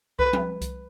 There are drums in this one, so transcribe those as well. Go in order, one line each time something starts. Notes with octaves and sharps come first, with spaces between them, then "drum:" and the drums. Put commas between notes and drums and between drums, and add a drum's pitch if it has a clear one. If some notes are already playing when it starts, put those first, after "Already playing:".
B4, drum: kick C2
drum: tom F3
drum: kick C2, hi-hat